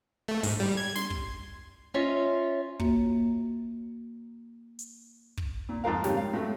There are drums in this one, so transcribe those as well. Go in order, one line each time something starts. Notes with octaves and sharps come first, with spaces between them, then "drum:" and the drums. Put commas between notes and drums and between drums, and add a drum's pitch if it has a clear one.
A3
G#2, drum: open hi-hat
G3
G#6
C6, drum: snare
drum: kick
C#4 F4 C#5 D#5 E5
A#3 F#4, drum: kick
drum: hi-hat
drum: kick
A#2
F2 G#2 F4 A#4 F5
G#2 C#3 G3 G4 C#5, drum: snare
F5
A2 F#3 A3